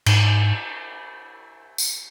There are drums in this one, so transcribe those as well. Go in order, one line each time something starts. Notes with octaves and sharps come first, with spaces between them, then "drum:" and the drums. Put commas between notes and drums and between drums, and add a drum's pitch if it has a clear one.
G#2, drum: cymbal
drum: tambourine